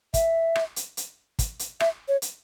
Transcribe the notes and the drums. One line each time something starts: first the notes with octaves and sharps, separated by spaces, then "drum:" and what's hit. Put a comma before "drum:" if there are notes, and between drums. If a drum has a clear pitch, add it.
E5, drum: kick, hi-hat
drum: rim click
drum: hi-hat
drum: hi-hat
drum: kick, hi-hat
drum: hi-hat
E5, drum: rim click
C#5
drum: hi-hat